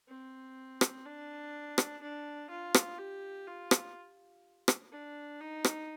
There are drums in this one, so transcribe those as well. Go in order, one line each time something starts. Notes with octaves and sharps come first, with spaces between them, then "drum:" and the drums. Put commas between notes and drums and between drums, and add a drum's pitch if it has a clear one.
C4
drum: rim click
D4
drum: rim click
D4
F4
drum: rim click
G4
F4
drum: rim click
drum: rim click
D4
D#4
drum: rim click